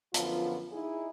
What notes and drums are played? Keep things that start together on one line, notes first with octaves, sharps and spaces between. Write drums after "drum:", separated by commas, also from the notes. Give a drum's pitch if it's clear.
F#2 D3 F3 B3 F4, drum: hi-hat
D#4 E4 G#4